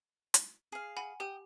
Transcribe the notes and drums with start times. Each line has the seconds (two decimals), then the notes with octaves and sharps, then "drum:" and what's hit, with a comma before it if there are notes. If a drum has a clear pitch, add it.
0.34 drum: hi-hat
0.72 G#4 F5
0.97 F#5 G#5 B5
1.20 G4 G5 D#6